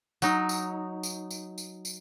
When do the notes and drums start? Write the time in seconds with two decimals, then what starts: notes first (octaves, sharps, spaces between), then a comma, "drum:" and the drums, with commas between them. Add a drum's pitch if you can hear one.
0.22 F#3 D#4, drum: tambourine
0.49 drum: tambourine
1.03 drum: tambourine
1.31 drum: tambourine
1.58 drum: tambourine
1.85 drum: tambourine